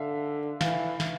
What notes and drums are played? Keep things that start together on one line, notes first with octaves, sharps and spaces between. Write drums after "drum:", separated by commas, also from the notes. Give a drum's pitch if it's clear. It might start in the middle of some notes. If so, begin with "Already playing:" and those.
Already playing: D3 E5 F5
E3 F5, drum: snare
drum: snare